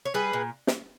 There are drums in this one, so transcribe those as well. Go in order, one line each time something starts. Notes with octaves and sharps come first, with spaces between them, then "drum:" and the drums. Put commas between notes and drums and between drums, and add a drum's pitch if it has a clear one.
C#5
G3 G#4 B4
A#2
drum: snare